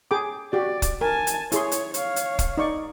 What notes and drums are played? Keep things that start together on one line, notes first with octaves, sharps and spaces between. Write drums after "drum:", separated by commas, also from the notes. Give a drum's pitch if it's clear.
G#4 G5 D6
F#4 G4 D5
drum: kick, hi-hat
A#4 G#5 A5
drum: hi-hat
E4 G#4 C#5 C6, drum: hi-hat
drum: hi-hat
C#5 F5, drum: hi-hat
drum: hi-hat
drum: kick, hi-hat
D#4 D5 C#6